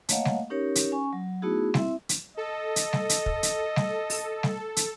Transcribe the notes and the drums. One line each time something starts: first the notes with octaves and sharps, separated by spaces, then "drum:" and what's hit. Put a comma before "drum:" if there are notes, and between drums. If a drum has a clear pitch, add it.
A3 A#3 C#5 D#5 F5 F#5, drum: hi-hat
drum: snare G3
C#4 D#4 G4 A#4 C#5
drum: hi-hat
C#4 G#5 C#6
F#3
A3 B3 D#4 E4 F#4 G#4
C4 E4 E5, drum: snare G3
drum: hi-hat
A4 D#5
drum: hi-hat
drum: snare G3
drum: hi-hat
drum: kick
drum: hi-hat
drum: snare G3
drum: open hi-hat
drum: snare G3
drum: hi-hat